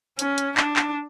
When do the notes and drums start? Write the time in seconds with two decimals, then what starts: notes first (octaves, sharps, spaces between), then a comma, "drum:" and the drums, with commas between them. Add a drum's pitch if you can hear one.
0.19 C#4, drum: hi-hat
0.38 drum: hi-hat
0.57 D4, drum: clap
0.76 drum: clap